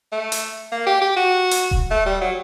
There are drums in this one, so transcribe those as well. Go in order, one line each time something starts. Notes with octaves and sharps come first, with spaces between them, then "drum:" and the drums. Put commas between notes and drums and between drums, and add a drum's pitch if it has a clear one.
A3
drum: hi-hat
A#3
G4
G4
F#4
drum: hi-hat
drum: kick D#1
A3
G3
F#3